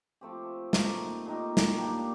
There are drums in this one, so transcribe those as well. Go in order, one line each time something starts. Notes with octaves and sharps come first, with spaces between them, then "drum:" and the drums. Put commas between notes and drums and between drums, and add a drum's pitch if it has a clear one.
F3 A3 C4 G4
A#2 A3 D#4 G4, drum: snare
A#2 A3 D#4 G4
drum: snare
G3 A#3 D4 G4